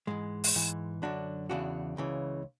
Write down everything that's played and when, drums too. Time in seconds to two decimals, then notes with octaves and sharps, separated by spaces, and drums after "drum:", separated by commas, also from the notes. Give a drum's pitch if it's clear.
0.07 G#2 E3 G#3
0.44 drum: open hi-hat
0.55 G#2 E3
1.02 F#2 D3 D4 F#4
1.49 E2 C#3 E3 D4 F#4
1.97 C#2 C#3 E3